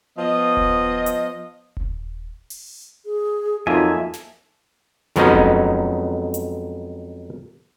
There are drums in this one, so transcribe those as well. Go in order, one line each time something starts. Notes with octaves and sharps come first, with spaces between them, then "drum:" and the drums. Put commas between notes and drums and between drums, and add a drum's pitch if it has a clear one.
F3 B3 D#5
drum: kick D#1
drum: hi-hat
drum: kick D#1
drum: open hi-hat
G#4
F2 F#3 A#3 D#4 F4 E5 G#5 A5
drum: snare
F2 F#3 G#3 B3 C#4 D#4, drum: snare
drum: kick D#1
drum: hi-hat